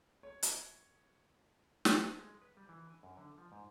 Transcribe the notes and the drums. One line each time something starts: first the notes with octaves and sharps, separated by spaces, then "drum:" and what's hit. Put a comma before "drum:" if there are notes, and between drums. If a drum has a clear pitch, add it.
C#5
drum: hi-hat
drum: snare
G#3
B4
G3
E3
G#5
F#2
D3
F3
G#2